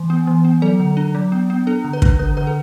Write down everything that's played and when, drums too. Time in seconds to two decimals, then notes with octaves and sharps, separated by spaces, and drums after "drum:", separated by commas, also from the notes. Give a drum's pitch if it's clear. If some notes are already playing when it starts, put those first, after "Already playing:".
Already playing: E3
0.10 B3
0.27 E3
0.44 B3
0.62 F#3 A4
0.80 D3
0.97 D4
1.15 F#3
1.32 B3
1.50 B3
1.67 D4 A4
1.85 D3
1.93 B4
2.02 D4, drum: kick
2.19 D3 B4
2.37 D3 B4
2.47 A4